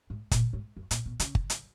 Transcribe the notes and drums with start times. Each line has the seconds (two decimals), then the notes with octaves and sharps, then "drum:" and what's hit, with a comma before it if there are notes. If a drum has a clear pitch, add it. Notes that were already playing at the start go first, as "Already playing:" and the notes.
0.10 G#2
0.31 A#2, drum: kick G1, hi-hat
0.53 G#2
0.77 F#2
0.91 A#2, drum: hi-hat
1.06 B2
1.20 C#3, drum: hi-hat
1.35 drum: kick G1
1.50 drum: hi-hat